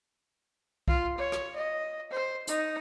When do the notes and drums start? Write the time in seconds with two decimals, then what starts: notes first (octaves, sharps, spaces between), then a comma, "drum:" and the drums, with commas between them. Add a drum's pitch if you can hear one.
0.88 F4, drum: kick C2
1.18 C#5
1.32 drum: rim click
1.56 D#5
2.11 C5
2.47 D#4, drum: hi-hat